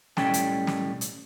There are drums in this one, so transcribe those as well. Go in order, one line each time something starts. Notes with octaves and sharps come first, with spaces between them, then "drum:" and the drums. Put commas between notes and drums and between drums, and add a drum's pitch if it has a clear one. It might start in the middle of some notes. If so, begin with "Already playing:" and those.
B1 A2 G3 C#4 A4 G5, drum: snare
drum: hi-hat
drum: snare
drum: hi-hat